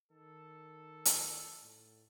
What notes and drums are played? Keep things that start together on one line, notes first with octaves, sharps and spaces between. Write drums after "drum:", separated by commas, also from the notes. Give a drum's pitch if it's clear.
D#3 A4
drum: hi-hat
A2